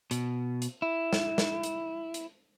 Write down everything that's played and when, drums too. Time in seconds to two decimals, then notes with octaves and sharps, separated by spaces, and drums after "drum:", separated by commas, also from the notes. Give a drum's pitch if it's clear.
0.11 B2, drum: hi-hat
0.62 drum: hi-hat
0.82 E4
1.13 drum: snare
1.38 drum: snare
1.63 drum: hi-hat
2.14 drum: hi-hat